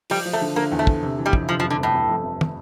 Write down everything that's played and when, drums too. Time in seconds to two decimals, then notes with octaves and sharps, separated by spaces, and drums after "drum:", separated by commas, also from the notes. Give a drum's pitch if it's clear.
0.10 F3 G3, drum: open hi-hat
0.26 F3
0.33 A3
0.41 D3
0.56 D3 A#3
0.72 E2
0.79 A3
0.87 D3, drum: kick
1.03 C3
1.18 E3
1.26 G3
1.33 F2, drum: kick
1.49 C3 F3
1.60 F3
1.64 F2
1.70 D3
1.79 G1 A2
1.95 F1
2.09 F2
2.24 F1
2.41 drum: tom